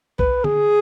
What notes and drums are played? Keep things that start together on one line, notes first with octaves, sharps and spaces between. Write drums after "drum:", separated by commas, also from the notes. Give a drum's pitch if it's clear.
B4, drum: kick B1
G#4, drum: tom D3